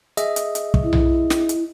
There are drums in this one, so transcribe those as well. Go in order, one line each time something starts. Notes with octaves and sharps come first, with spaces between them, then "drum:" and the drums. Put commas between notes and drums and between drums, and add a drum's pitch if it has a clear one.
G#4 D#5 E5, drum: hi-hat
drum: hi-hat
drum: hi-hat
drum: kick
E4
drum: tom B1
drum: snare
drum: hi-hat